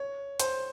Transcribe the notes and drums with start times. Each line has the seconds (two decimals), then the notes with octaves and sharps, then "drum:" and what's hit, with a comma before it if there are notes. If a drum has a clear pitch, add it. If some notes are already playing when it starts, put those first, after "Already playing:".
Already playing: C#5
0.40 C5, drum: hi-hat